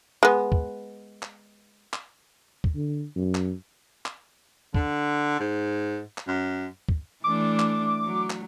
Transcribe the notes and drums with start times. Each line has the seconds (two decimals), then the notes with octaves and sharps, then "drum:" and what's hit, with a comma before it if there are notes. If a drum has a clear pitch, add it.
0.23 G#3 B3
0.52 drum: kick
1.23 drum: clap
1.93 drum: clap
2.64 drum: kick
2.75 D3
3.16 F#2
3.35 drum: clap
4.06 drum: clap
4.74 D3, drum: kick
5.40 G#2
6.18 drum: clap
6.28 F#2
6.89 drum: kick
7.24 E3 A3 D4 D6
7.59 drum: clap
8.05 F#3
8.30 drum: clap